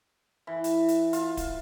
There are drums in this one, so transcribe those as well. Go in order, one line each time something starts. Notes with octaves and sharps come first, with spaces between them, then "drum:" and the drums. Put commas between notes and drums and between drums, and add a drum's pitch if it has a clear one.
E3
drum: hi-hat
drum: hi-hat
F4, drum: hi-hat
drum: kick D1, hi-hat